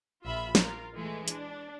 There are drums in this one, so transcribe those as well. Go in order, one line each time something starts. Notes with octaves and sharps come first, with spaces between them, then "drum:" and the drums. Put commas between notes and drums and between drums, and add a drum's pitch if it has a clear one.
A#1 F4 E5 B5
F4 A#4, drum: snare
E3 G#3 A3
D4, drum: hi-hat